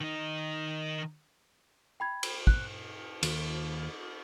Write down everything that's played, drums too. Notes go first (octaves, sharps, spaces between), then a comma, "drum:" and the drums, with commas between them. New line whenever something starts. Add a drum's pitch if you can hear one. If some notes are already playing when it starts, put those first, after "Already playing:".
D#3 D#4
G5 B5 G#6
drum: cymbal
F#6, drum: kick
D#2, drum: cymbal